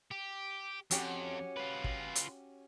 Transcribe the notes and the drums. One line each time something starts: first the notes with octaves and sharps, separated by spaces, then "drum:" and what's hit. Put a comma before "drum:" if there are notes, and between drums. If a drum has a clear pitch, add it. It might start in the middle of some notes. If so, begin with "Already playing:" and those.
G4
F2 C#4 F#4 G4, drum: hi-hat
F4 B4
drum: kick
drum: hi-hat